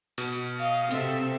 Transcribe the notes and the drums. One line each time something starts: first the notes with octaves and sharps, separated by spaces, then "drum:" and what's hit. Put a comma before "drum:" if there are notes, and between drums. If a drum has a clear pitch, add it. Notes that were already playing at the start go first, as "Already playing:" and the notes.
B2, drum: open hi-hat
D#5 F5
C3 C4 A4 E5, drum: hi-hat